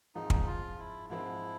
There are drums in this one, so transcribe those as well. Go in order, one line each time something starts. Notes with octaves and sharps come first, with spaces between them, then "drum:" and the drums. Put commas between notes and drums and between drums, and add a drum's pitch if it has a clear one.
G#2 F3 G#3 C4 D#4
drum: kick
F4
E4
G#2 F3 G#3 C4 E4